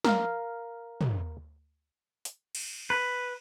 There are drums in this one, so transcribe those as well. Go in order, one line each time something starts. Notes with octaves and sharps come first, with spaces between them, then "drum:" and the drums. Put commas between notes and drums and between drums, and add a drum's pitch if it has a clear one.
A#4 F5, drum: snare
drum: tom
drum: hi-hat
drum: cymbal
B4